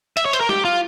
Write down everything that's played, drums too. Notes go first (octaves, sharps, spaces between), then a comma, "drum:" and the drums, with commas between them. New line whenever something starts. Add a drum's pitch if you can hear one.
E5, drum: hi-hat
C#5
C5, drum: hi-hat
A#4
G4, drum: snare
F4